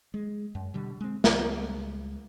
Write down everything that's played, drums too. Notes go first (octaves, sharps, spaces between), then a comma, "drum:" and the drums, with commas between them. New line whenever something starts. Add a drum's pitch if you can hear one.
G#3
F#2
B2 D3 G3
G#3 C4
C#2 G3 G#3, drum: snare